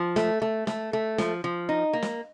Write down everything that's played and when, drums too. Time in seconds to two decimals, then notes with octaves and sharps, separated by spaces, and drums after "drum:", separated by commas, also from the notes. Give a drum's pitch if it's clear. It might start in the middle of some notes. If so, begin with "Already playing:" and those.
Already playing: F3
0.16 A3, drum: snare
0.42 A3
0.67 A3, drum: snare
0.93 A3
1.18 F3, drum: snare
1.44 F3
1.69 D#4
1.93 A#3
2.02 drum: snare